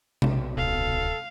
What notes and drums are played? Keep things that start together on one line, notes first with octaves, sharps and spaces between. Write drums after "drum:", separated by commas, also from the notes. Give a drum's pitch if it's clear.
B1, drum: tom C3
D1 A4 F5